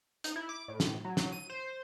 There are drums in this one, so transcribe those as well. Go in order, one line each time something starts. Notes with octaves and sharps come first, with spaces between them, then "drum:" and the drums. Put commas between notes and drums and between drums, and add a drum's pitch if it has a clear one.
D#4, drum: hi-hat
E4
D6
A2
drum: snare
F#3
drum: snare
D#7
C5